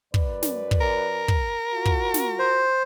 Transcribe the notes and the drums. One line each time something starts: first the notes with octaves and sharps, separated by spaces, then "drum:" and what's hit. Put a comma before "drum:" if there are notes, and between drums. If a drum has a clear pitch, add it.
F#2 B4 D5, drum: kick
drum: snare
drum: kick
A#4
drum: kick
F4 F#4
drum: kick
drum: snare
C5